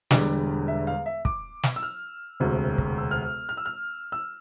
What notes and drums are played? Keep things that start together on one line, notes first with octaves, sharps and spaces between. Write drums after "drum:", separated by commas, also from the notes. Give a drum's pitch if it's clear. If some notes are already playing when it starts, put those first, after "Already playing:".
E1 E2 D3 G3 D5, drum: snare
E5
F5
E5
D6, drum: kick
drum: snare
E6
F6
E1 D2 C3
drum: kick
E6
F6
F6
E6
F6
E6